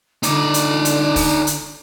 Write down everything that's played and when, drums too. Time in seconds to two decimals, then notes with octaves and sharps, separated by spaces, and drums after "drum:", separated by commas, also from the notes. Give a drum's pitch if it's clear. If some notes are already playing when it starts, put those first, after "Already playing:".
0.23 D3 D#4 D5, drum: hi-hat
0.54 drum: hi-hat
0.85 drum: hi-hat
1.16 drum: kick, open hi-hat
1.47 drum: hi-hat